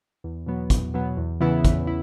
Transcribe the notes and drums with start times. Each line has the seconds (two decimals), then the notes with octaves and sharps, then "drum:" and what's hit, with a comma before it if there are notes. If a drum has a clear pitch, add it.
0.24 E2
0.46 B2 F#3 B3
0.70 E2, drum: kick, hi-hat
0.94 B2 F#3 B3
1.17 E2
1.40 C#3 E3 B3 E4
1.65 E2, drum: kick, hi-hat
1.87 E4